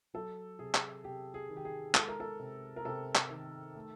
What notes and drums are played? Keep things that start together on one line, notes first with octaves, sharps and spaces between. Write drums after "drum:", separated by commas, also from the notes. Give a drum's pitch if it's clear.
F#3 A4
C3 G#4
drum: clap
C3 G4
G#4
D#3
G4
G#4
G#3 A4, drum: clap
A#4
A4
C3
A#4
C3 A4
drum: clap
D#3
A3